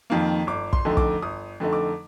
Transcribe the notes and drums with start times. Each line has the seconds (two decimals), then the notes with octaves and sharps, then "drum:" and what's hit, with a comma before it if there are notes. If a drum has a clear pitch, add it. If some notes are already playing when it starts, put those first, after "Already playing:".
0.10 F2 D#3 A#3
0.47 G1 D6
0.73 C6, drum: kick
0.85 F2 D3 A3 D#4
0.97 D6, drum: kick
1.22 G1 D#6
1.60 F2 D3 A3 D#4
1.73 D6